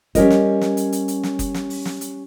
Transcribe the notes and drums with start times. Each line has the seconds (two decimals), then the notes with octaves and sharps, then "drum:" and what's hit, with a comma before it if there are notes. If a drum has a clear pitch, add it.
0.15 G3 C#4 A#4 D#5, drum: kick F#1, hi-hat
0.30 drum: snare
0.61 drum: snare
0.77 drum: hi-hat
0.92 drum: hi-hat
1.08 drum: hi-hat
1.23 drum: snare
1.39 drum: kick F#1, hi-hat
1.54 drum: snare
1.70 drum: open hi-hat
1.85 drum: snare
2.01 drum: hi-hat